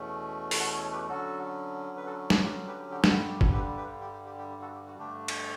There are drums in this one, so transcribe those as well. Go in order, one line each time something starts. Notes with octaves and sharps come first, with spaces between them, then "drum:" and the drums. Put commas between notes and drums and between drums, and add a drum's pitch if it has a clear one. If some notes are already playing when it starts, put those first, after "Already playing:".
Already playing: E2 B2 A3 C#4
B5, drum: open hi-hat
F#5 A5
A4 C#5
G4 B4
D3 F#3 C#4 F#4 A4
B4
F#4 A4
G4 B4, drum: snare G3
G4 B4
G4 B4
G4
G4
G2 D3 G3 F#4 A4, drum: snare G3
G4
A4, drum: kick
G4 B4
G4 B4
G4
G4
G4
G4
F#4 A4
G4
F#4
G2 D3 A3 D4 G4
drum: cymbal